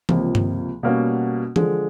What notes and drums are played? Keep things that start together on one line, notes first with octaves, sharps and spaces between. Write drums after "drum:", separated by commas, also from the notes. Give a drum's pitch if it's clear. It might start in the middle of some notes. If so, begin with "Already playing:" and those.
C#2 C3 F3 A#3, drum: tom E3
drum: tom G2
B2 G3 A#3 C#4 F#4
D3 F3 G#3, drum: tom E3